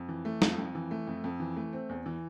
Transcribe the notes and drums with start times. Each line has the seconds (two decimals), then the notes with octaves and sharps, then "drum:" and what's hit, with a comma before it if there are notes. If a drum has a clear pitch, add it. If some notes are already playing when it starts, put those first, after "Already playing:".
Already playing: F2
0.09 E3
0.25 A3
0.42 F2, drum: snare
0.58 F2
0.75 E3
0.91 A3
1.07 F2
1.24 F2
1.40 E3
1.56 A3
1.73 C4
1.89 E2
2.06 E3